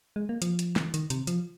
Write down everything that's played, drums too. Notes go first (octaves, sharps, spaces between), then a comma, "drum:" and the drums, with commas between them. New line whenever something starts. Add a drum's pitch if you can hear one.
G#3
A#3
F3, drum: hi-hat
drum: hi-hat
drum: snare
D#3, drum: hi-hat
C3, drum: hi-hat
F3, drum: hi-hat